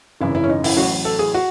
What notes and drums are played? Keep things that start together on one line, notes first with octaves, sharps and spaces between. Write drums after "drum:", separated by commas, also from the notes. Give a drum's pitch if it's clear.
G#1 F#2 C#3 E3 E4
E4
C#4
D#4
E4, drum: open hi-hat
A1 A2 F#3 F#4
A4
G#4
F#4